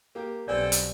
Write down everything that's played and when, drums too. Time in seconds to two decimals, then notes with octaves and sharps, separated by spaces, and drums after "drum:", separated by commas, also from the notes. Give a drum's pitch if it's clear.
0.15 A#3 G4
0.48 B1 G3 B3 C4 A4 D5 G5 G#5
0.72 drum: hi-hat